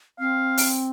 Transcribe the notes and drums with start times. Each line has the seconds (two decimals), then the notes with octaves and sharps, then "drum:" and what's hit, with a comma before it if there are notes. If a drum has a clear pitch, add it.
0.19 C4 F5
0.57 drum: open hi-hat